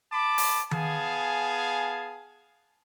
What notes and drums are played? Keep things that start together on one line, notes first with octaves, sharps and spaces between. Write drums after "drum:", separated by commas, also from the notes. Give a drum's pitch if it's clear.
A5 B5 D6
drum: open hi-hat
B3 G#4 F5 G#5 A5, drum: tom D#3